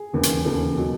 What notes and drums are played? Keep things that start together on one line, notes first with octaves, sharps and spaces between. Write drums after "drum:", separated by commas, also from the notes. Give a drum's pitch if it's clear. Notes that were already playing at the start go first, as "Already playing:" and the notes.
Already playing: G#4
E1 D#2 C#3 E3
drum: hi-hat
E1 D#2 C#3 E3 A4
B2 F#3